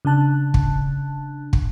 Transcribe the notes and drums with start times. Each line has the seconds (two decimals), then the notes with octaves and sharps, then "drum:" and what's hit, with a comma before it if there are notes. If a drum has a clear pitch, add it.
0.05 C#3 D4 A5 F#6
0.54 drum: kick
1.53 drum: kick